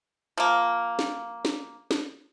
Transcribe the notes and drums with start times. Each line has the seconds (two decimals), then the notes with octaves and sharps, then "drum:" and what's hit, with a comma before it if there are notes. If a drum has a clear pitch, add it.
0.37 F3 A#3
0.99 drum: snare
1.45 drum: snare
1.91 drum: snare